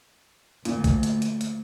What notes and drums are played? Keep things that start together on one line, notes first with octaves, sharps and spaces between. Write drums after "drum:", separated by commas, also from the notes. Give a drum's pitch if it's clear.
D2 A#2, drum: hi-hat
drum: kick A#1, hi-hat
drum: hi-hat
drum: hi-hat
drum: hi-hat